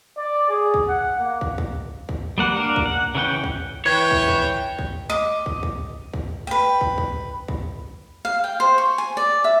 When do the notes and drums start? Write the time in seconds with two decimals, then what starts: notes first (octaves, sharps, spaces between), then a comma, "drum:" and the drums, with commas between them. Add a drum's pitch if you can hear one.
0.17 D5
0.50 G#4
0.74 drum: kick
0.88 F#5
1.20 A#3
1.41 drum: kick
1.58 drum: kick
2.09 drum: kick
2.38 G3 A#3 F#5
2.56 A#3 D4 A#4
2.76 drum: kick
2.86 F#5
3.15 C#3 E3 C#4 F#5 G5
3.44 drum: kick
3.86 E3 C#5 G5 G#6
4.11 drum: kick
4.28 drum: kick
4.79 drum: kick
5.10 D#5 D6
5.46 drum: kick
5.63 drum: kick
6.14 drum: kick
6.47 B4 G5
6.81 drum: kick
6.98 drum: kick
7.48 drum: kick
8.25 F5
8.44 G5
8.60 C5
8.78 C#6
8.98 G#5
9.17 D5
9.44 E5